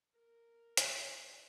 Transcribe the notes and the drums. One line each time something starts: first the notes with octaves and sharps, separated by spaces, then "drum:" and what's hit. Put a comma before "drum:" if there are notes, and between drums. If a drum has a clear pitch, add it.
A#4
D5, drum: hi-hat